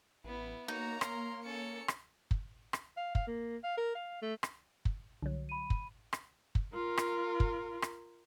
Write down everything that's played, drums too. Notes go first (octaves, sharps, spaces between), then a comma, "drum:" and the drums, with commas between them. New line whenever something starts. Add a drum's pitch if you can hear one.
A1 B3 E4
A#3 D#4 F#4 C#5 A#5
A#4 C6, drum: rim click
C#4 A4 C#5 C#7
drum: rim click
drum: kick
drum: rim click
F5
F5, drum: kick
A#3
F5
A#4
F5
A3
drum: rim click
drum: kick
C2 D3 F#3
B5 D#7
drum: kick
drum: rim click
drum: kick
F4 A#4
drum: rim click
drum: kick
drum: rim click